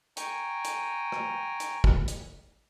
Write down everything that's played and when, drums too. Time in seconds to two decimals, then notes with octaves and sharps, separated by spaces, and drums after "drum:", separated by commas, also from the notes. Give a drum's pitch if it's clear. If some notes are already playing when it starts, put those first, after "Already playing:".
0.17 G5 G#5 A#5 C#6, drum: hi-hat
0.65 drum: hi-hat
1.12 drum: rim click
1.60 drum: hi-hat
1.84 drum: kick
2.08 drum: hi-hat